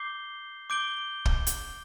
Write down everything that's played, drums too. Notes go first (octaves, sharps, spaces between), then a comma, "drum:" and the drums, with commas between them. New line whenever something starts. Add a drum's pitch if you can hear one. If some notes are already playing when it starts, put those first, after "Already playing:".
Already playing: D6 G6 C7 G7
D6 G6 D7 G7
drum: kick
drum: hi-hat